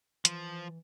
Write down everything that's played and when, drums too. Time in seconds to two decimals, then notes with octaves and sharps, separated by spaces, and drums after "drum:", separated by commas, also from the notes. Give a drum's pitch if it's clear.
0.25 E3 F3, drum: hi-hat